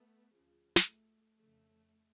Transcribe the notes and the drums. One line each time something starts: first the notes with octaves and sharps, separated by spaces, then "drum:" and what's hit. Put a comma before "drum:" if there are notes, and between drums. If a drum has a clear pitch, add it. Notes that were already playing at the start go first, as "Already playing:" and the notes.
Already playing: A3 B3
D2 C#3 F3
drum: snare
A3
F2 C#3 F3 A3